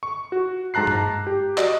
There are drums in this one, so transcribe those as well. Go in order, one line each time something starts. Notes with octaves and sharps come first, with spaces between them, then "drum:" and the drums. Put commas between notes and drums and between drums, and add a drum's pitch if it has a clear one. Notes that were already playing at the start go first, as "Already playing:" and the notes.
C#6
F#4
G#2 A5 A#5 F#6 C7
drum: tom G2
G4
F#4 D5 D#5, drum: clap